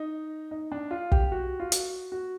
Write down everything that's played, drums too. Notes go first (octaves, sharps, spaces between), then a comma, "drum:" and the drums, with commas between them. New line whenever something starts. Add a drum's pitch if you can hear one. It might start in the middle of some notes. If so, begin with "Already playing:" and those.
Already playing: D#4
D#4
D4
F4
G4, drum: kick
F#4
F4
F#4, drum: hi-hat
F#4